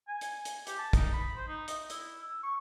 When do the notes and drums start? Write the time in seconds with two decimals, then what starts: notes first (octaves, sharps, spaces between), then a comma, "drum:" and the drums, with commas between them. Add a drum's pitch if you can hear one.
0.08 G#5
0.21 drum: hi-hat
0.45 drum: hi-hat
0.67 G4, drum: hi-hat
0.78 A5
0.93 D#4, drum: kick, hi-hat
1.13 B5
1.36 C5
1.47 D#4
1.68 D#5, drum: hi-hat
1.90 E4, drum: hi-hat
2.22 E6
2.43 C#6